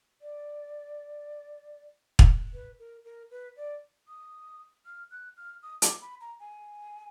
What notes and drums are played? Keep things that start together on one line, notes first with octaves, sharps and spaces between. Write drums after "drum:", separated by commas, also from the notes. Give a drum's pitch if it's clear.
D5
drum: kick
B4
A#4
A#4
B4
D5
D#6
F6
F#6
F6
D#6
D6, drum: hi-hat
B5
A#5
G#5